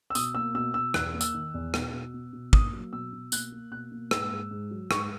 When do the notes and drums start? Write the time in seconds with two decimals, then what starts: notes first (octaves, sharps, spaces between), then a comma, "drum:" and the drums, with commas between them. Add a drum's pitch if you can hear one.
0.10 E6
0.15 B2 D#6, drum: tambourine
0.35 A#3 E6
0.55 B2 E6
0.74 B2 E6
0.94 E2 F#6, drum: rim click
1.14 A#3
1.21 E6, drum: tambourine
1.34 D#3
1.54 E2
1.74 B2, drum: rim click
1.93 B2
2.14 B3
2.33 B2
2.53 A#3 D#6, drum: kick
2.73 F#3
2.92 B2 E6
3.12 B2
3.32 A#3 F#6, drum: tambourine
3.52 A#3
3.71 B2 F#6
3.92 A#3
4.11 G#2 E6, drum: rim click
4.32 G#2
4.51 G#2
4.71 F#3
4.91 G#2 C#6, drum: rim click